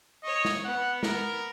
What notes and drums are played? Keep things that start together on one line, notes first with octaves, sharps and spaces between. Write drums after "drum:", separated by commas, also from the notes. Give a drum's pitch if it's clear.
C#5 D#5 C#6
drum: snare
B3 F#5
A#4, drum: snare